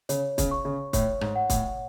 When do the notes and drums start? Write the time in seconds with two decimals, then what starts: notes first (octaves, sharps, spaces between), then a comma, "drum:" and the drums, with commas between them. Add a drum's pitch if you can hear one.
0.09 C#3 C#5, drum: hi-hat
0.38 C#3, drum: kick, hi-hat
0.51 C#6
0.65 C#3
0.93 A2 C#5, drum: kick, hi-hat
1.21 G#2, drum: rim click
1.36 F#5
1.50 A2, drum: kick, hi-hat